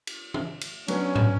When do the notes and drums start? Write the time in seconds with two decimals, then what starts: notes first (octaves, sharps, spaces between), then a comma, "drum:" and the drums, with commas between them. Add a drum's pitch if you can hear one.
0.07 drum: cymbal
0.34 drum: tom
0.61 drum: cymbal
0.88 F#3 B3 C#4 D4, drum: cymbal
1.16 drum: tom G#2